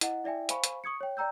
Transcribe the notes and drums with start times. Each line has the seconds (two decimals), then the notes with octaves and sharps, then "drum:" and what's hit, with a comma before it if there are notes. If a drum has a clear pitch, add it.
0.01 E4 D#5 F#5, drum: hi-hat
0.24 E4 D5 E5 G5 G#5
0.49 C5 F5 G#5 B5 C#6, drum: hi-hat
0.64 drum: hi-hat
0.84 C#6 D#6 G#6 C#7
1.01 C#5 G5
1.17 D5 G5 A#5 E6 G6